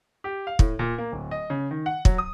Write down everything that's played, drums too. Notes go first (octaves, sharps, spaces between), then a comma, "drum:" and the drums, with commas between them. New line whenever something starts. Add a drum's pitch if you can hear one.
G4
F5
A2, drum: kick
A#2
A#3
D1
D#5
C#3
D#3
F#5
F#3, drum: kick
D#6